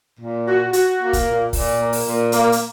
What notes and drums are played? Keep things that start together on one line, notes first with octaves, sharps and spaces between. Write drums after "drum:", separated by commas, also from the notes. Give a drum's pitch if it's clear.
A#2
F#4
F#4, drum: hi-hat
A#3
drum: kick, hi-hat
A#2
A#2, drum: kick, open hi-hat
A#3
drum: open hi-hat
A#2
A#3, drum: hi-hat
drum: hi-hat